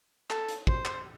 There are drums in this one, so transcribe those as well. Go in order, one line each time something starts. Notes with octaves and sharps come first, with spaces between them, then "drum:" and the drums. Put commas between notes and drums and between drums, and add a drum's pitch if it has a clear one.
A4, drum: clap
drum: hi-hat
C5, drum: kick
drum: clap